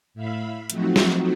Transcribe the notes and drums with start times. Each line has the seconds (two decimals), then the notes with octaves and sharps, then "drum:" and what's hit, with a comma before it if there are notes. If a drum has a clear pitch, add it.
0.14 A2 E5 F5 B5
0.70 F3 F#3 A3 C4 D#4 F#4, drum: hi-hat
0.96 drum: snare